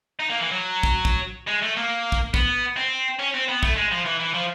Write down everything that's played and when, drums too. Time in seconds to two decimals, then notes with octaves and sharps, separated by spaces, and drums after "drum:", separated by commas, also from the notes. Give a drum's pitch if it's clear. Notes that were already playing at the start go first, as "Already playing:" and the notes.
0.19 D#4
0.30 A#3
0.40 E3
0.51 F#3
0.83 drum: kick
1.05 drum: kick
1.48 G#3
1.62 A3
1.77 A#3
2.12 drum: kick
2.34 B3, drum: kick
2.77 C4
3.20 C#4
3.34 C4
3.49 B3
3.63 A3, drum: kick
3.77 G#3
3.92 F3
4.05 E3
4.20 E3
4.34 F3